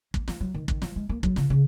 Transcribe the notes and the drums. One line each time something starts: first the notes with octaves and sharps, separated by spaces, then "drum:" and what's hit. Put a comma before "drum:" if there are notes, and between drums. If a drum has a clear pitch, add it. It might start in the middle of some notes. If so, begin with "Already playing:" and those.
A#3, drum: kick
A#3, drum: snare
F#3
D#3
D#3, drum: kick
F#3, drum: snare
G#3
A#3
F#3, drum: kick
C#3, drum: snare
C#3